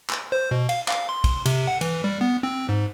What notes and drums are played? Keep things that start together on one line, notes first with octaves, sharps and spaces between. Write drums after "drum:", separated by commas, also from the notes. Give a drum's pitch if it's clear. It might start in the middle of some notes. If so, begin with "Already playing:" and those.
drum: clap
C5
B2
F5, drum: cymbal
F5, drum: clap
C6
drum: kick, cymbal
C3, drum: cymbal
F#5
E3, drum: cymbal
G3
B3
C4
G#2